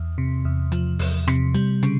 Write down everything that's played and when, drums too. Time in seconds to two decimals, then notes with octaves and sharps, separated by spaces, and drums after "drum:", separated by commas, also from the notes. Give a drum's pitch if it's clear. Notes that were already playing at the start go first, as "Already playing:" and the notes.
Already playing: E2
0.18 C3
0.45 E2
0.72 F3, drum: hi-hat
0.99 E2, drum: open hi-hat
1.28 C3, drum: rim click
1.54 G3, drum: hi-hat
1.83 C#3, drum: hi-hat